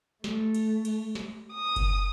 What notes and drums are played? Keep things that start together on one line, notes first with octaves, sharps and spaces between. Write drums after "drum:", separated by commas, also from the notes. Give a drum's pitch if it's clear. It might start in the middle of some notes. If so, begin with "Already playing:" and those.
A3, drum: snare
drum: cymbal
drum: cymbal
drum: snare
D#6
drum: kick F#1, cymbal